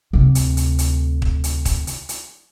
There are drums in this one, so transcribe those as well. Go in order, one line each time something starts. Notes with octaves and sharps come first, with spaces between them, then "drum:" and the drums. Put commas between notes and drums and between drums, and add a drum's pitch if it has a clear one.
D2 C3
drum: hi-hat
drum: hi-hat
drum: hi-hat
drum: kick
drum: hi-hat
drum: kick, hi-hat
drum: hi-hat
drum: hi-hat